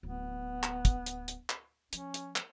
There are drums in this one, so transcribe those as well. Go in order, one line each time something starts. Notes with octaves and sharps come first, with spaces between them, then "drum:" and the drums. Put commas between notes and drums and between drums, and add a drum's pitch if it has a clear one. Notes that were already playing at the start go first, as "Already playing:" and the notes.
D1 B3
drum: clap
drum: kick, hi-hat
drum: hi-hat
drum: hi-hat
drum: clap
F3 C#4, drum: hi-hat
drum: hi-hat
drum: clap